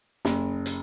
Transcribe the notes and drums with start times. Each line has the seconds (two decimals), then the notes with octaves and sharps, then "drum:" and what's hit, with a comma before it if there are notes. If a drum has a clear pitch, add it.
0.25 F#1, drum: snare
0.66 drum: hi-hat